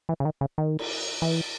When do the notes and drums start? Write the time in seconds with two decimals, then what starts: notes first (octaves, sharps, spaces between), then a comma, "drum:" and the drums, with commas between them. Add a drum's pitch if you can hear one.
0.09 E3
0.20 C#3
0.25 D#3
0.41 C#3
0.58 D#3
0.79 drum: cymbal
1.22 E3